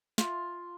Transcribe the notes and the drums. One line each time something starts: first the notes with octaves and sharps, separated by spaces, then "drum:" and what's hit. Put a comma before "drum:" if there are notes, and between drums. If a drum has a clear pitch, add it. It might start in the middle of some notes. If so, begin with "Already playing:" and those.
F4, drum: snare